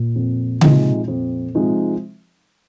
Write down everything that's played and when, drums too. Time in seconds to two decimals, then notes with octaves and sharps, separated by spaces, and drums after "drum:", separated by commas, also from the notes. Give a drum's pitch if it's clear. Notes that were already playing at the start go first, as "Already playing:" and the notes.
Already playing: A#2
0.15 F2
0.61 C3 F3 G#3 D#4, drum: tom C#3
1.08 F2
1.55 C3 F3 G#3 D#4